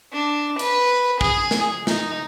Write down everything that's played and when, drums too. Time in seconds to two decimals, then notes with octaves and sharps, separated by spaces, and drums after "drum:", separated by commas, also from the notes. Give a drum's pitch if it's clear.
0.13 D4
0.59 B4, drum: hi-hat
1.21 G#4, drum: kick
1.51 drum: snare
1.87 D#4, drum: snare